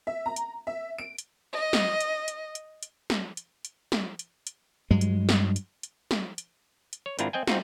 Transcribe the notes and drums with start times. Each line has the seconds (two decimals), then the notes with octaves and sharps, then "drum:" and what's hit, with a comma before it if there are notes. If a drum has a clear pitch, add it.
0.07 E5
0.26 A#5
0.36 drum: hi-hat
0.67 E5
0.98 D7
1.18 drum: hi-hat
1.52 D#5
1.73 drum: snare
2.01 drum: hi-hat
2.28 drum: hi-hat
2.55 drum: hi-hat
2.83 drum: hi-hat
3.10 drum: snare
3.37 drum: hi-hat
3.65 drum: hi-hat
3.92 drum: snare
4.19 drum: hi-hat
4.47 drum: hi-hat
4.91 G2 F#3 G#3
5.01 drum: hi-hat
5.29 drum: snare
5.56 drum: hi-hat
5.83 drum: hi-hat
6.11 drum: snare
6.38 drum: hi-hat
6.93 drum: hi-hat
7.06 C#5
7.19 G#1 C4 D4 E4 F4 A#5, drum: hi-hat
7.33 C4 D#5 G5 G#5
7.47 C4 D#4 F4 F#4, drum: snare